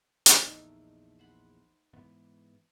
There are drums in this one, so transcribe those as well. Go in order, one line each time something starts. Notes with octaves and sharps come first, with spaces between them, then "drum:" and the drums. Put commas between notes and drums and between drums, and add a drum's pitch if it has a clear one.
drum: hi-hat
A#1 E2 A3 D#4
C5 F#5 B5
G#2 E3 B3